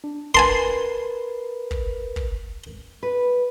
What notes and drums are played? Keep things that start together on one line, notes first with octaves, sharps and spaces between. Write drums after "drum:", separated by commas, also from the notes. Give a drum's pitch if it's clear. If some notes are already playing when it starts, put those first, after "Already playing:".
D4
A#4 B4 G#5 A5 C6, drum: kick
drum: kick
drum: kick
B4